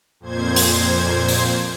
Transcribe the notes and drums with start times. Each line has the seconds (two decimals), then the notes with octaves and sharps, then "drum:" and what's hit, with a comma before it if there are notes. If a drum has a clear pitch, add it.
0.20 F2 A#2 C5 G#6
0.56 drum: open hi-hat
1.28 drum: open hi-hat